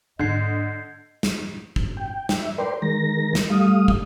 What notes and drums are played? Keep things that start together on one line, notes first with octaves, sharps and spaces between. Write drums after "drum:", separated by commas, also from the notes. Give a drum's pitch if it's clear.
G#2 D3 A#3 D#5 G6 G#6 C7
drum: snare
drum: kick
G5
drum: snare
E5
A#4 B4 D5 G5 C6
D#3 G#3 A#4 A#6
drum: snare
G3 A3 F5 D#6
drum: kick